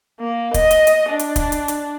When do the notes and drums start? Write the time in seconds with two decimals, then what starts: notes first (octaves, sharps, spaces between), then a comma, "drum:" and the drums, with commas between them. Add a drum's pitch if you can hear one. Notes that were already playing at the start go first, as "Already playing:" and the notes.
0.20 A#3
0.54 D#5, drum: kick, hi-hat
0.71 drum: hi-hat
0.87 drum: hi-hat
1.10 D4
1.19 drum: hi-hat
1.36 drum: kick, hi-hat
1.52 drum: hi-hat
1.68 drum: hi-hat